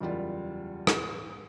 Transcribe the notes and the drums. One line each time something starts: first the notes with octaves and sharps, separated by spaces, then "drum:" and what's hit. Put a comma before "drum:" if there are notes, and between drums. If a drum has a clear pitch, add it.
F#1 E2 G3 F4
drum: rim click